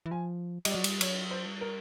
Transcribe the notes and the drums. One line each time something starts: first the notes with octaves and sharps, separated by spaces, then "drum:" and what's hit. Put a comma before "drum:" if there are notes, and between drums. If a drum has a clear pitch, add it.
E3
F3 G#5
G3 D#5, drum: cymbal
F#3 D5
G3, drum: cymbal
F#3 C#5, drum: cymbal
C5
G3
A#4